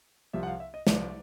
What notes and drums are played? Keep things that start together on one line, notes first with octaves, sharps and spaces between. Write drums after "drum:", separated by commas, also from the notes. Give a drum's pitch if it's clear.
C2 C3 F3 E5
F#5
F5
E5
D#5
C2 C3 F3 D5, drum: snare